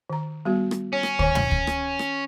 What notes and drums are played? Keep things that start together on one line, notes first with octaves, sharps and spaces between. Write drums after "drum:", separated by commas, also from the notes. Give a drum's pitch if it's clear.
D#3 A#5
G3 B3 F#4
drum: rim click
C#4 C#5
drum: rim click
D#3 C#5 G#5, drum: kick
drum: tom
drum: kick
drum: rim click
drum: rim click